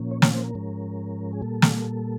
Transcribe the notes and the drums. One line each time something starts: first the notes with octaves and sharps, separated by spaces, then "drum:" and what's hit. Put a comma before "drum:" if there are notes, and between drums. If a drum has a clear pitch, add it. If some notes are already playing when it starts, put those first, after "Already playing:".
Already playing: A#2 F3 A#3 C#4
C#5
C#5, drum: snare
C5
A#4
G#2 F3 G#3 C#4
G#4
A#2 G3 A#3 A4
drum: snare